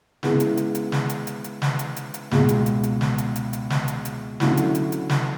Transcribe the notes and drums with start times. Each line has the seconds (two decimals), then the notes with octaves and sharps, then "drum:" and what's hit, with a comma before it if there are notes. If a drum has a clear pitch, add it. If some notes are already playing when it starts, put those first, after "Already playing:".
0.23 C#3 G#3 B3 E4, drum: snare
0.40 drum: hi-hat
0.57 drum: hi-hat
0.75 drum: hi-hat
0.92 drum: snare
1.10 drum: hi-hat
1.27 drum: hi-hat
1.44 drum: hi-hat
1.62 drum: snare
1.79 drum: hi-hat
1.96 drum: hi-hat
2.14 drum: hi-hat
2.31 C#2 B2 G#3, drum: snare
2.49 drum: hi-hat
2.66 drum: hi-hat
2.83 drum: hi-hat
3.01 drum: snare
3.18 drum: hi-hat
3.36 drum: hi-hat
3.53 drum: hi-hat
3.70 drum: snare
3.88 drum: hi-hat
4.05 drum: hi-hat
4.40 D3 F#3 A3 C#4 E4, drum: snare
4.57 drum: hi-hat
4.75 drum: hi-hat
4.92 drum: hi-hat
5.09 drum: snare